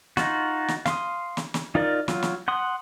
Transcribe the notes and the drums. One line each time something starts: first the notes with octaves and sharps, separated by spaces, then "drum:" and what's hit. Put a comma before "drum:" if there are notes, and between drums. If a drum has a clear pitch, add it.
D#4 F4 F#4, drum: snare
drum: snare
F5 C6 D#6, drum: snare
drum: snare
drum: snare
D#4 F4 A#4 D5
F#3 F4, drum: snare
drum: snare
F#5 C6 D#6